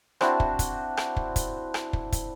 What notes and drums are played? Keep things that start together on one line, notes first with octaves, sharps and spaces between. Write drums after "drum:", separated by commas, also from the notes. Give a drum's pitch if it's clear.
C4 D4 E4 F#4, drum: rim click
drum: kick
drum: kick, hi-hat
drum: rim click
drum: kick
drum: kick, hi-hat
drum: rim click
drum: kick
drum: kick, hi-hat